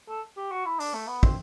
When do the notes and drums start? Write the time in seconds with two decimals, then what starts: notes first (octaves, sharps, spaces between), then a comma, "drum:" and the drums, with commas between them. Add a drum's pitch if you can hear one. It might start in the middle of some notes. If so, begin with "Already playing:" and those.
0.09 A4
0.37 G4
0.51 F#4
0.65 E4
0.80 D4, drum: open hi-hat
0.94 A3
1.08 B3
1.23 C4, drum: kick